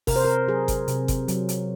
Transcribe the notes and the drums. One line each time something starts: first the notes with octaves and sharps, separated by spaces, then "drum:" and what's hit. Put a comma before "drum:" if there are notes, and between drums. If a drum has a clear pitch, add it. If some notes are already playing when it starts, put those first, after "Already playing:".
C3 A#4, drum: kick G1, open hi-hat
C5
A#4
F#3 G#4
drum: kick G1, hi-hat
C3, drum: hi-hat
drum: kick G1, hi-hat
F#3, drum: hi-hat
drum: hi-hat